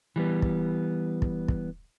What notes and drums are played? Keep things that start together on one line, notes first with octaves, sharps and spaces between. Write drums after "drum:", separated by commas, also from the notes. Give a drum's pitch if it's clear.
E3 G3 B3
drum: kick
drum: kick
drum: kick